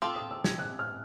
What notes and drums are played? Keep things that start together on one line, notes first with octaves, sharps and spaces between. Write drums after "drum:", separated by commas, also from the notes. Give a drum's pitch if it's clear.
C4 F4 A4 D6
D#6
E6
G#6, drum: snare
F#6
F6